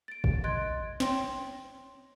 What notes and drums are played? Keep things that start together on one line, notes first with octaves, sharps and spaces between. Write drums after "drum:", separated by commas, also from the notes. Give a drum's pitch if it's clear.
A6 D7
drum: kick
D#5 C6 F#6 G#6 A6 D7
C#5 G5 C6 A#6, drum: snare